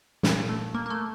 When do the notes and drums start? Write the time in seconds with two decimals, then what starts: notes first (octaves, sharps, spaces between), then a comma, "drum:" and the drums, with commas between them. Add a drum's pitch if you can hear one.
0.23 A#2, drum: snare
0.49 A3
0.75 A#3
0.86 A#3
0.90 A3